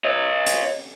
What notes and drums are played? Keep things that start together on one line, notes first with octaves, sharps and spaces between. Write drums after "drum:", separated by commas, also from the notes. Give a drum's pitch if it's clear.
C#5 D#5
drum: hi-hat